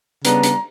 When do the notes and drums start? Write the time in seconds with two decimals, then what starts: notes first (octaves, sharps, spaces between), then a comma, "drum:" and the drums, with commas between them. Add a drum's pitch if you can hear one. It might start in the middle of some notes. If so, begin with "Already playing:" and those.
0.25 C#3 G3 B3 D4 A#5, drum: hi-hat
0.43 drum: hi-hat